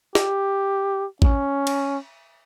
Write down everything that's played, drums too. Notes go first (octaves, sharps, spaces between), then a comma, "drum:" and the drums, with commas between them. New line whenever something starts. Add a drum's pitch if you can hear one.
G4, drum: snare
C#4, drum: kick A1
drum: cymbal